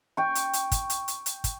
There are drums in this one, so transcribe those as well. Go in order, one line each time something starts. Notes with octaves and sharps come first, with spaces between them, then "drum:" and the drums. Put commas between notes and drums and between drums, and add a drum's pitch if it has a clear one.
G5 C#6
drum: hi-hat
drum: hi-hat
drum: kick, hi-hat
drum: hi-hat
drum: hi-hat
drum: hi-hat
drum: kick, hi-hat